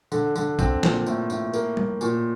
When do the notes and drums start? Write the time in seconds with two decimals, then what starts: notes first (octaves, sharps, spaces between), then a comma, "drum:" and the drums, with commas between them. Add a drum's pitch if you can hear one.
0.12 D3, drum: tambourine
0.36 D3, drum: tambourine
0.59 C4, drum: kick A#1, tambourine
0.83 A#2, drum: snare
1.06 A2, drum: tambourine
1.30 A2, drum: tambourine
1.54 A#3, drum: tambourine
1.77 A2, drum: tom G3
2.01 A#2, drum: tambourine